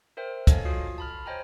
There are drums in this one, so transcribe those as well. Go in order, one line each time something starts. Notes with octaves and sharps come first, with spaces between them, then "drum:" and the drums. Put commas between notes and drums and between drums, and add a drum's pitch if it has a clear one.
A#4 C5 E5 G5
A4 C#5 D#5 F5 G#5 A5, drum: kick, hi-hat
F4 F#4 D#6 C7
A5 B5 F6
C5 C#5 D#5 G5 G#5 A#5